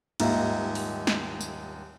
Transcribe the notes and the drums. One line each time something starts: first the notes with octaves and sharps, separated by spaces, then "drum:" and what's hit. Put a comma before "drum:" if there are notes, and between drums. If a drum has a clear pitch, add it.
D#1 D#2 G#2 F4 E5 A#5, drum: cymbal
drum: open hi-hat
drum: snare
drum: tambourine